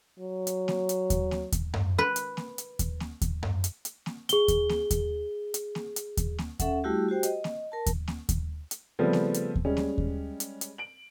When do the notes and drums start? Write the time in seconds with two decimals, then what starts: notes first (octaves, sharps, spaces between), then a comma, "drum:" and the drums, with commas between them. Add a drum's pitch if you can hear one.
0.19 F#3
0.47 drum: hi-hat
0.68 drum: snare A#3
0.89 drum: hi-hat
1.10 drum: kick D#2, hi-hat
1.31 drum: snare A#3
1.52 drum: kick D#2, hi-hat
1.74 drum: tom F#2
1.98 B4
2.16 drum: hi-hat
2.37 drum: snare A#3
2.58 drum: hi-hat
2.79 drum: kick D#2, hi-hat
3.00 drum: snare A#3
3.21 drum: kick D#2, hi-hat
3.43 drum: tom F#2
3.64 drum: hi-hat
3.85 drum: hi-hat
4.06 drum: snare A#3
4.29 G#4 G7, drum: hi-hat
4.48 drum: kick D#2, hi-hat
4.69 drum: snare A#3
4.91 drum: kick D#2, hi-hat
5.54 drum: hi-hat
5.75 drum: snare A#3
5.96 drum: hi-hat
6.17 drum: kick D#2, hi-hat
6.38 drum: snare A#3
6.59 C#4 A4 E5 F#5, drum: kick D#2, hi-hat
6.84 G3 A3 E4 F#4 G4
7.08 F#4 G4 C5 G5
7.23 D#5, drum: hi-hat
7.44 drum: snare A#3
7.72 A#4 A5
7.86 drum: kick D#2, hi-hat
8.08 drum: snare A#3
8.29 drum: kick D#2, hi-hat
8.71 drum: hi-hat
8.99 C#3 F3 G3 A3 B3 C4
9.13 drum: snare A#3
9.34 drum: hi-hat
9.55 drum: kick D#2
9.65 G3 G#3 C#4
9.77 drum: snare A#3
9.98 drum: kick D#2
10.40 drum: hi-hat
10.61 drum: hi-hat
10.78 D7 F#7